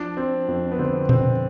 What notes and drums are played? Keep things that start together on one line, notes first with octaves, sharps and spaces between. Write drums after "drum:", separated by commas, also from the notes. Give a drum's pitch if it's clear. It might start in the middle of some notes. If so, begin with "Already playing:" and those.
Already playing: F3 D4
F3 C4
F2
B3
D3 C4
F2 C4, drum: tom A#2